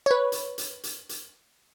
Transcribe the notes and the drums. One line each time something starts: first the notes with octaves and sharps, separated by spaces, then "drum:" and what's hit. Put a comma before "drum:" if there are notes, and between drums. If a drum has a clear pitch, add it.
B4 C#5
drum: hi-hat
drum: hi-hat
drum: hi-hat
drum: hi-hat